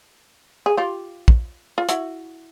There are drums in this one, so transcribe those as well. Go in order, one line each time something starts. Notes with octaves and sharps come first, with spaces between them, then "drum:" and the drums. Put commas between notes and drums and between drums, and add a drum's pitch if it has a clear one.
G#4
F4 G4
drum: kick
F4
E4 F#4, drum: hi-hat